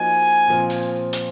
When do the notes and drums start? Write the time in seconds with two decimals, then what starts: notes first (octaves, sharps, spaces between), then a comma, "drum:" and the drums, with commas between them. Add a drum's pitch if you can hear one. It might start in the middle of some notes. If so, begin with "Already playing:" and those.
Already playing: F3 A#3 D#4 F#4 G#5
0.48 A#2 F3 C4
0.70 drum: open hi-hat
1.13 drum: hi-hat